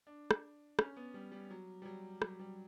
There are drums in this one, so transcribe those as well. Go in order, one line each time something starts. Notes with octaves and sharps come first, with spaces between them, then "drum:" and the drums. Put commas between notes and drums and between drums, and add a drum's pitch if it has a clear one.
D4
drum: rim click
C#4, drum: rim click
B3
G3
G3
F#3
G3
F#3
F#3, drum: rim click
G3